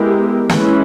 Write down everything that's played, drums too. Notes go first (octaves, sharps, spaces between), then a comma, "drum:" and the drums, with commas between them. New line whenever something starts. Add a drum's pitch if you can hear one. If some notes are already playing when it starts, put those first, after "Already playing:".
Already playing: G#3 B3 E4 G4 A#4
E3 G#3 C#4 E4, drum: snare